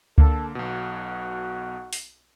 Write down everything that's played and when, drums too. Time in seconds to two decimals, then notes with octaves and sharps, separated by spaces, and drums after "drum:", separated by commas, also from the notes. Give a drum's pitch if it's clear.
0.18 D3 A#3 A4, drum: kick C#2
0.55 B1 B2 F#4
1.93 drum: open hi-hat